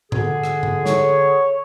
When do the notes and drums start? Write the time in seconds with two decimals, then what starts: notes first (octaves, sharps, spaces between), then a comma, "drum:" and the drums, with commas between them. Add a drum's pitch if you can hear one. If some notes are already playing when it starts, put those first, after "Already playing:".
0.12 D3 G#4, drum: tom G#2
0.44 drum: rim click
0.63 drum: tom G#2
0.86 C#5, drum: snare